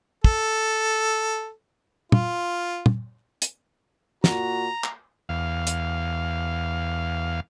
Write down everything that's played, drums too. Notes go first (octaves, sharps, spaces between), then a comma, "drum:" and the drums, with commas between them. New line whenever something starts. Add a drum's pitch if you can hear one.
A4, drum: kick
F4, drum: tom
drum: tom
drum: hi-hat
A#2 F#4 A#5, drum: snare
drum: clap
E2 F5
drum: hi-hat